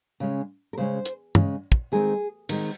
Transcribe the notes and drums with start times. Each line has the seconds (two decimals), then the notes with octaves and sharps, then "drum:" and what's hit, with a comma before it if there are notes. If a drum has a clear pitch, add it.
0.20 C#3 G#3 C#4
0.73 A#4
0.78 C#3 G#3 C#4 C5
1.05 drum: hi-hat
1.35 C#3 G#3 C#4, drum: tom
1.72 drum: kick
1.92 D#3 G#3 C4 G#4
2.49 D#3 G#3 C4, drum: cymbal